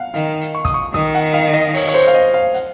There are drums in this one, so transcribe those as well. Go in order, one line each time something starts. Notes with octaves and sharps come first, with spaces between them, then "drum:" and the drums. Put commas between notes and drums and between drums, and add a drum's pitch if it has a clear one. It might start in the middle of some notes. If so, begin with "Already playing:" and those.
Already playing: F5 F#5
D#3 F5, drum: hi-hat
drum: hi-hat
C#6
D#6, drum: kick, hi-hat
C#6
D#3 D#6, drum: snare
F#5
F5
D#5
C#5, drum: open hi-hat
C#5
C5
F5
D#5
F5
F#5, drum: hi-hat